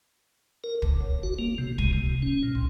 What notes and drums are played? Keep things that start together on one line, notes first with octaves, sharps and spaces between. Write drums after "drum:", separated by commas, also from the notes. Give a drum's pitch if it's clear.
A#4
D2, drum: kick
F#1
F#4
A#3
C3
G#3, drum: kick
C3
C#4
A#2
C2